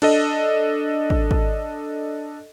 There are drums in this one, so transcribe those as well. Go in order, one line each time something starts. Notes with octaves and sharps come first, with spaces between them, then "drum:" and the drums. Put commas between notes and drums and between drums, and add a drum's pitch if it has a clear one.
D4 A4 D#5, drum: cymbal
drum: kick
drum: kick